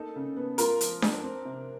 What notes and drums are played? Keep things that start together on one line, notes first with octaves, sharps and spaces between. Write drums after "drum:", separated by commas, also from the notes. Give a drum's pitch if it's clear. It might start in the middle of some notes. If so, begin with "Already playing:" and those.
Already playing: A#3 D#4 A4
C#3
B3
F4 A#4, drum: hi-hat
F3, drum: hi-hat
D4, drum: snare D4
C4
C3